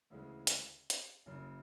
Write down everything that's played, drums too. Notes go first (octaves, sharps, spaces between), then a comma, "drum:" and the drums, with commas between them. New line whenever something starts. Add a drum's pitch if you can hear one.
D2 C#3 E3 G#3
drum: hi-hat
drum: hi-hat
F#1 F#2 C#3